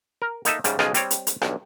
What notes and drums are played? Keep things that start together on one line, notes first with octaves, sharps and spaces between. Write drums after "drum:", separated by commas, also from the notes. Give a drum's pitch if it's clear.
A#4
A#3 D#4 A4 E5, drum: hi-hat
G#2 C#3 G3, drum: hi-hat
B1 C#3 F3 G#3 F4 G#4, drum: rim click
G3 C4 C#5, drum: hi-hat
drum: hi-hat
drum: hi-hat
B1 G2, drum: rim click